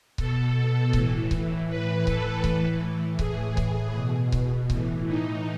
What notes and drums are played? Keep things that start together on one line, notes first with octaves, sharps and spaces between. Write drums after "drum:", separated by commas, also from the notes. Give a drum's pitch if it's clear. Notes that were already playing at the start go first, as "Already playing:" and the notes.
B2 A4, drum: kick C#1
A2 E3, drum: kick C#1
drum: kick C#1
A2 E3 B4
A4, drum: kick C#1
A2 E3, drum: kick C#1
A2 E3 G#4, drum: kick C#1
drum: kick C#1
B2
drum: kick C#1
A2 E3, drum: kick C#1
D#4